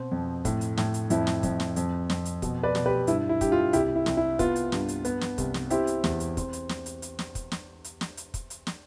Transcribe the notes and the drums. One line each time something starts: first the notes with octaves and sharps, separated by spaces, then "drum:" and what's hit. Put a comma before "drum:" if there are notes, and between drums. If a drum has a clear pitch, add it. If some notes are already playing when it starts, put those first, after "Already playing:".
Already playing: B2 C4
F2
A2, drum: kick, hi-hat
drum: hi-hat
A2, drum: snare
drum: hi-hat
F2 E4, drum: hi-hat
drum: snare
F2, drum: kick, hi-hat
drum: snare
F2, drum: hi-hat
F2, drum: snare
drum: hi-hat
B2, drum: kick, hi-hat
B4 D5
B2, drum: snare
G4 B4
G2 E4, drum: hi-hat
E4
G2 G4, drum: kick, hi-hat
F4
C2 E4 G4, drum: hi-hat
E4
C2, drum: snare
E4
B3 F4, drum: kick, hi-hat
drum: hi-hat
G2, drum: snare
drum: hi-hat
B3, drum: hi-hat
drum: snare
C2, drum: kick, hi-hat
drum: snare
C4 E4 G4, drum: hi-hat
drum: hi-hat
E2, drum: snare
drum: hi-hat
C4, drum: kick, hi-hat
drum: hi-hat
drum: snare
drum: hi-hat
drum: hi-hat
drum: snare
drum: kick, hi-hat
drum: snare
drum: hi-hat
drum: snare
drum: hi-hat
drum: kick, hi-hat
drum: hi-hat
drum: snare